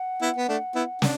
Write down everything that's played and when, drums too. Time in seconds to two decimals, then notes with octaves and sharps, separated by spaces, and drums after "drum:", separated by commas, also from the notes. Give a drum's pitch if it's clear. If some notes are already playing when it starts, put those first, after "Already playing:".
Already playing: F#5
0.21 B3 E4
0.37 B3
0.48 A3 D4
0.75 B3 E4
1.02 D4, drum: snare